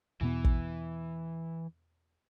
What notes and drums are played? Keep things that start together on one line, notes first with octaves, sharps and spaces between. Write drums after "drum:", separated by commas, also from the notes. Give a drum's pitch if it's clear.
E2 B2 E3 B3
drum: kick